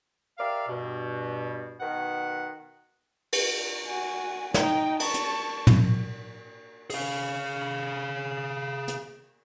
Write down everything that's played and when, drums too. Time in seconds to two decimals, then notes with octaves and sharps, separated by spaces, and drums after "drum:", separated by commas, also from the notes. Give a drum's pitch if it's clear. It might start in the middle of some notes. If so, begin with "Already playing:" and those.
0.38 G4 A#4 D5 E5 F5
0.68 G2 B2
1.80 B2 D#3 F#5
3.33 drum: cymbal
3.86 F#4 G#5
4.54 D#4 G5, drum: snare
5.00 A5 C#6, drum: cymbal
5.14 drum: hi-hat
5.67 drum: tom
6.90 G#4 F5, drum: open hi-hat
8.88 drum: hi-hat